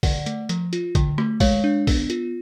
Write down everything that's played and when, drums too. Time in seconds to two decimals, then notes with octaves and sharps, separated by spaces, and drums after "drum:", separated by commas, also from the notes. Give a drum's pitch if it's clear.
0.03 D3 D5 F#5, drum: kick, open hi-hat
0.26 A3, drum: hi-hat
0.49 F3, drum: hi-hat
0.73 F4, drum: hi-hat
0.95 D3, drum: kick, hi-hat
1.18 A3, drum: rim click
1.40 G#3 C#5 F5, drum: kick, open hi-hat
1.64 D4
1.87 B3, drum: kick, open hi-hat
2.10 F4, drum: hi-hat